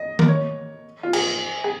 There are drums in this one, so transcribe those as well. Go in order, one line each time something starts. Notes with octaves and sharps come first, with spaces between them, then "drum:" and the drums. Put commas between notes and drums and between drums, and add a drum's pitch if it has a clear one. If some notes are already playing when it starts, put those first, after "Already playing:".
Already playing: D#5
A#4, drum: tom D#3
C#5
F4
G#4, drum: cymbal
G#4